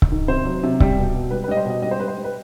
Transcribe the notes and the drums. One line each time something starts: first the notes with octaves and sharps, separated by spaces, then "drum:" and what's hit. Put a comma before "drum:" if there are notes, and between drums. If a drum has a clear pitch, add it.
drum: kick C#1
D#3
C3 C5
F#3
C3
G3, drum: kick C#1
B2
B2
G3 B4
B4
G3 D#5
C5
B2
D#5
G3 D#5
C5
G3 B4
C5
G3
B4